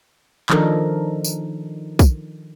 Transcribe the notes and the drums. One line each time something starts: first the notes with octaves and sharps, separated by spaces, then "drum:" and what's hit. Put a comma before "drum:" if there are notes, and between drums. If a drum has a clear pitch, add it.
D#3 F3 D4 D#4 A4 A#4, drum: clap
drum: tambourine
drum: kick, tambourine